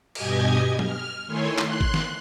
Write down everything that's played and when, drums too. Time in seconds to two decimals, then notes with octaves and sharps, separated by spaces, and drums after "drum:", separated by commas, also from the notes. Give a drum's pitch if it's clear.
0.15 G2 B2 G4 D#5 G#5 G#6, drum: cymbal
0.79 F6, drum: tom F#3
1.26 D#3 A3 E4 C#5 G#5 C6
1.58 C6 F#6, drum: clap
1.81 drum: kick G#1
1.94 drum: snare